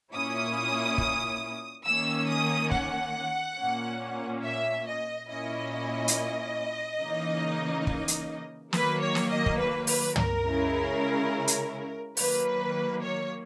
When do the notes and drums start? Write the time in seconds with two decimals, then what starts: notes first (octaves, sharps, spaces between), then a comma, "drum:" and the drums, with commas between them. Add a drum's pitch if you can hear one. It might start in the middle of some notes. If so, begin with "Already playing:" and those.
0.13 A#2 A#3 C#4 E4 D#6
0.98 drum: kick
1.85 D#3 A#3 C#4 E6
2.28 D#6
2.71 F#5, drum: kick
3.57 A#2 A#3 C#4
4.43 E5
4.86 D#5
5.29 A#2 A#3 C#4 E4 D#5
6.08 drum: hi-hat
7.01 C#3 E3 A#3 D#4
7.87 drum: kick
8.08 drum: hi-hat
8.73 D#3 F#3 A#3 B4, drum: snare
9.01 C#5
9.15 drum: snare
9.30 D#5
9.46 drum: kick
9.59 B4
9.87 B4, drum: open hi-hat
10.16 A#4, drum: tom
10.44 C#3 G#3 C#4 E4
11.48 drum: hi-hat
12.17 D#3 F#3 A#3 B4, drum: open hi-hat
13.02 C#5